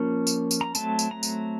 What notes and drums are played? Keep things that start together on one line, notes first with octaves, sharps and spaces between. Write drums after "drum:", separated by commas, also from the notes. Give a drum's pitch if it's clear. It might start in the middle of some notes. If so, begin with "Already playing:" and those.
Already playing: F3 A#3 C#4
drum: tambourine
drum: tambourine
A#5
F#3 A3 C4 A5, drum: tambourine
drum: tambourine
A#5
drum: tambourine